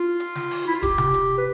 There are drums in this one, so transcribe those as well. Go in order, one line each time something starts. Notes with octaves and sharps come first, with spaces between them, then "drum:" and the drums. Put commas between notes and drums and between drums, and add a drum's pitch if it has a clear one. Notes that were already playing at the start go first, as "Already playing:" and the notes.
Already playing: F4
drum: hi-hat
drum: snare
drum: open hi-hat
E4
F4
G4, drum: kick D#1, hi-hat
drum: tom C3
drum: hi-hat
B4